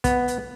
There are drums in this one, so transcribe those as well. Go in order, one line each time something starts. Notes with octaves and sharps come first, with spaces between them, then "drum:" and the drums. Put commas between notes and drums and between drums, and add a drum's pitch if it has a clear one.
B3, drum: kick, hi-hat
drum: hi-hat